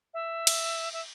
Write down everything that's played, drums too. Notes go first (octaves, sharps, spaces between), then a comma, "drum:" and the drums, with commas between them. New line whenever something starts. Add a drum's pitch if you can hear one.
E5
drum: cymbal
E5